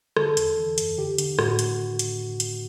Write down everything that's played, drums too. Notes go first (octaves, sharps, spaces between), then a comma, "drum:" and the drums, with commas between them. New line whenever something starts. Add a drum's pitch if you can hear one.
D3 A4, drum: rim click
E2, drum: hi-hat
E3
F#2, drum: hi-hat
D3 G4
D3, drum: hi-hat
A2 F#4, drum: rim click
drum: hi-hat
drum: hi-hat
drum: hi-hat